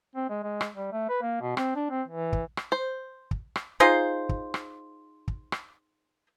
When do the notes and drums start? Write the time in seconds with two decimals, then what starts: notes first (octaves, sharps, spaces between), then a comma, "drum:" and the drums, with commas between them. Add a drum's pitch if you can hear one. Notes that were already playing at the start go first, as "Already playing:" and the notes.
0.15 C4
0.29 G#3
0.43 G#3
0.61 drum: rim click
0.75 G3
0.92 A3
1.09 B4
1.22 A#3
1.41 B2
1.57 C4, drum: rim click
1.75 D4
1.90 C4
2.08 E3
2.33 drum: kick
2.57 drum: rim click
2.72 C5
3.31 drum: kick
3.56 drum: rim click
3.80 D#4 F4 G#4 C5
4.29 drum: kick
4.54 drum: rim click
5.28 drum: kick
5.52 drum: rim click